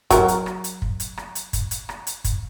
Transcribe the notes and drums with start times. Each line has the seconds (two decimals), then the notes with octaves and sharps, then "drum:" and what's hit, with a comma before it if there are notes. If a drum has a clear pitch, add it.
0.10 F#3 A#4, drum: kick, hi-hat
0.28 drum: hi-hat
0.46 drum: rim click
0.64 drum: hi-hat
0.82 drum: kick
1.00 drum: hi-hat
1.17 drum: rim click
1.35 drum: hi-hat
1.53 drum: kick, hi-hat
1.71 drum: hi-hat
1.89 drum: rim click
2.07 drum: hi-hat
2.24 drum: kick, hi-hat